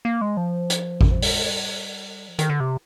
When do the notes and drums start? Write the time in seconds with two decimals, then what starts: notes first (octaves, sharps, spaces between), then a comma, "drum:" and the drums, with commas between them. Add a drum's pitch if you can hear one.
0.05 A#3
0.21 G#3
0.37 F3
0.70 drum: hi-hat
1.01 D#3, drum: kick G#1
1.11 F3
1.22 G3, drum: open hi-hat
1.32 G#3
1.49 G3
2.29 F3
2.39 D#3, drum: hi-hat
2.50 D3
2.60 C3